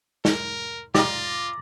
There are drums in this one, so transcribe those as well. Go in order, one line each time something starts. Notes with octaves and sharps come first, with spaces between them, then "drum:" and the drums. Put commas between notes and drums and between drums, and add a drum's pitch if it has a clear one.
A#4, drum: snare
F4 G4 D5 D#5 A#5, drum: snare